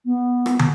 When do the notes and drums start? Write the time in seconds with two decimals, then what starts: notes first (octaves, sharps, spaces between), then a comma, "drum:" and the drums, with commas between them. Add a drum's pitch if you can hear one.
0.05 B3
0.46 drum: rim click
0.59 drum: tom